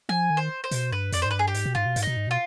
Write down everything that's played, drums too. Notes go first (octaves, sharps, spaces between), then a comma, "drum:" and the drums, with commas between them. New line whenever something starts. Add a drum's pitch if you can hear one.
F3 G#5
D#3
C5
C5
B2, drum: hi-hat
G2 B4
F2 D5, drum: hi-hat
C5
G#2
G2 B4
G#4
G4
G#2, drum: hi-hat
B2
G#2 F4
B2
G#2, drum: hi-hat
B2 D#4
G#2
B2 F4